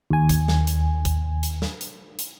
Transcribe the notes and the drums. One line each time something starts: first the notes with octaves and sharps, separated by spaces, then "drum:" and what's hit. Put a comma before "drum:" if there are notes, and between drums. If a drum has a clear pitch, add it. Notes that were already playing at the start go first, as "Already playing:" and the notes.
D#2 G#5
drum: kick, hi-hat
drum: snare
drum: hi-hat
drum: kick, hi-hat
drum: hi-hat
drum: snare
drum: hi-hat
drum: hi-hat